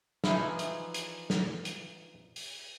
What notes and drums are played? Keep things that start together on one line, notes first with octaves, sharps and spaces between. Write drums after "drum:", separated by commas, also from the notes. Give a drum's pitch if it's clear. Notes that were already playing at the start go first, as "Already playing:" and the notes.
E3 F3 D#4 E4 G#4, drum: snare
drum: hi-hat
drum: hi-hat
drum: snare
drum: hi-hat
drum: open hi-hat